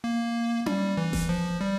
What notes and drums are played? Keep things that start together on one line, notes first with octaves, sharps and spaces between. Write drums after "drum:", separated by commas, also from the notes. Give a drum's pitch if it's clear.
A#3
G3, drum: tom C#4
E3
drum: snare F1
F3
G3